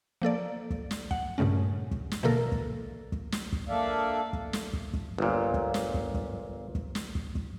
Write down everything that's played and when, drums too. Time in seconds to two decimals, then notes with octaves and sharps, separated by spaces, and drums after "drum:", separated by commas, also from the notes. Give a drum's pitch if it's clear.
0.22 F3 A#3 A4 D5
0.70 drum: kick
0.91 drum: snare
1.11 F#5, drum: kick
1.38 G2 A#2 C#3 A3 C#4
1.91 drum: kick
2.11 drum: snare
2.23 B2 D3 E3 A#3 A4 A#4
2.52 drum: kick
3.12 drum: kick
3.32 drum: snare
3.52 drum: kick
3.69 A#3 D4 A4 D5 E5 F5
4.33 drum: kick
4.53 drum: snare
4.73 drum: kick
4.93 drum: kick
5.18 G1 A#2
5.54 drum: kick
5.74 drum: snare
5.94 drum: kick
6.14 drum: kick
6.75 drum: kick
6.95 drum: snare
7.15 drum: kick
7.35 drum: kick